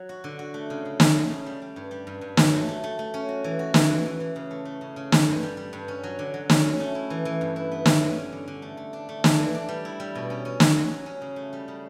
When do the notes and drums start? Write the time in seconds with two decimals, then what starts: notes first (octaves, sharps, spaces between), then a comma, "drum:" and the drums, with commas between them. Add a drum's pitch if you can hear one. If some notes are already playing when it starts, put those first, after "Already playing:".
Already playing: F#3
0.09 F#4
0.24 D3
0.39 F#4
0.54 A3
0.70 C#3
0.85 C#3
1.00 C#3, drum: snare
1.15 A3
1.30 C#3
1.46 G3
1.62 G3
1.76 G2
1.91 G3
2.07 G2
2.21 G2
2.37 F#3, drum: snare
2.53 A3
2.68 A3
2.84 A3
2.99 A3
3.14 C#4
3.29 F#4
3.44 E3
3.59 F#4
3.74 E3, drum: snare
3.89 E3
4.05 E3
4.20 E3
4.36 C#3
4.51 A3
4.65 A3
4.81 C#3
4.96 C#3
5.12 D3, drum: snare
5.28 G2
5.43 G3
5.57 G3
5.73 G2
5.88 C#4
6.04 F#3
6.19 D3
6.34 F#3
6.50 C#4, drum: snare
6.64 C#4
6.80 A3
6.95 E4
7.10 E3
7.25 E3
7.41 G2
7.56 E4
7.71 B3
7.86 C#4, drum: snare
8.02 D3
8.16 C#4
8.32 D3
8.48 D3
8.62 A3
8.77 A3
8.93 D4
9.09 A3
9.24 D4, drum: snare
9.38 E3
9.54 D4
9.69 G3
9.85 E4
10.00 G3
10.15 B2
10.30 C#4
10.45 C#4
10.60 F#3, drum: snare
10.76 F#3
10.90 F#3
11.06 C#4
11.22 C#3
11.36 A3
11.53 G3
11.68 C#3